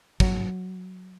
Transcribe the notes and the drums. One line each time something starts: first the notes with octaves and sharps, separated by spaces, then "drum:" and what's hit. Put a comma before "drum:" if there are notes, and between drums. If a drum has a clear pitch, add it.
F#3, drum: kick